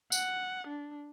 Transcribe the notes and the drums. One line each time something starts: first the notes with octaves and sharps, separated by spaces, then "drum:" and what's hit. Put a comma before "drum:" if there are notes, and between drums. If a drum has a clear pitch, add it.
F#5, drum: tambourine
D4